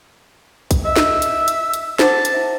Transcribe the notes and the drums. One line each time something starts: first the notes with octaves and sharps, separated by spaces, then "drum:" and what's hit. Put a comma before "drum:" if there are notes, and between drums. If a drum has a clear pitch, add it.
drum: kick, hi-hat
D#5 E5
drum: snare
drum: hi-hat
drum: hi-hat
drum: hi-hat
C5 F#5 A5 D6, drum: snare
drum: hi-hat
E4 E5